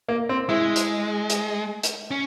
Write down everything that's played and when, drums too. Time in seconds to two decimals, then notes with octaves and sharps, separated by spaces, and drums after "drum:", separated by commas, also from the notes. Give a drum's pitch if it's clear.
0.09 A#3
0.29 C4
0.49 G#3 E4
0.76 drum: hi-hat
1.30 drum: hi-hat
1.83 drum: hi-hat
2.11 C#4